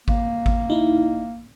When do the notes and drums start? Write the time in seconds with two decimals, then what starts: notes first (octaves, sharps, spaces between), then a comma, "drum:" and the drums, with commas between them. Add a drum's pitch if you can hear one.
0.08 A#3, drum: kick G#1
0.46 drum: kick G#1
0.70 D#4 E4